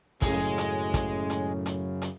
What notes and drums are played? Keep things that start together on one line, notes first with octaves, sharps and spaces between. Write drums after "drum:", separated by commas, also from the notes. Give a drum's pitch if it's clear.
F#2 A2 C#3 G#3, drum: kick, open hi-hat
drum: hi-hat
drum: kick, hi-hat
drum: hi-hat
drum: hi-hat
drum: hi-hat